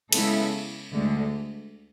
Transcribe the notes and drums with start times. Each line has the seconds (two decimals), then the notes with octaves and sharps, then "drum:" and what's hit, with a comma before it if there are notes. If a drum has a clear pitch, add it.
0.12 C#3 G#3 B3 E4 A4, drum: cymbal
0.91 D2 D3 G#3